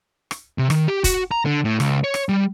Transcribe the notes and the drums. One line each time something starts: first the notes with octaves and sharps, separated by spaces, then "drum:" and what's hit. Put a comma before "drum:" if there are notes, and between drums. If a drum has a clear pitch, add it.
drum: rim click
C3
D#3, drum: rim click
G4
F#4, drum: kick, hi-hat
A#5
D3
A2
C#2, drum: rim click
C#5
drum: rim click
G3